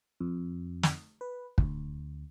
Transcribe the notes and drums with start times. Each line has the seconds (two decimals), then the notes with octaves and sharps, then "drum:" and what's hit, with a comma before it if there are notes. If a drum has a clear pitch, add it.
0.20 F2
0.83 drum: snare
1.21 B4
1.58 D2, drum: kick